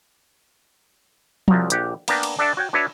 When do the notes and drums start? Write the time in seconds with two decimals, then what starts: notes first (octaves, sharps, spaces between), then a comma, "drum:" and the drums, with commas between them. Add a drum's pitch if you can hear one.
1.48 C2 F3 F#3 A#5, drum: tom F3
1.70 A#1 G4 F#5, drum: hi-hat
2.08 A#3 B3 D4 B4 G5 A#5, drum: cymbal
2.23 drum: cymbal
2.39 D4 A4 D5 E5 F#5 A5
2.57 F#4 C#5 G5
2.73 D4 F#4 B4 C#5 E5